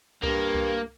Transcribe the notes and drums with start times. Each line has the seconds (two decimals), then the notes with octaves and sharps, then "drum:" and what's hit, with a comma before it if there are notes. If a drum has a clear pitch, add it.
0.23 G2 A#3, drum: kick C2
0.55 drum: kick C2